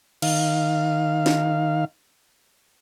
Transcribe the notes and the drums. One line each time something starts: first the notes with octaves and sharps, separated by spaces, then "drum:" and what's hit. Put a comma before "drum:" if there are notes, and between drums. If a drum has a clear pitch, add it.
D#3 F5, drum: cymbal
drum: snare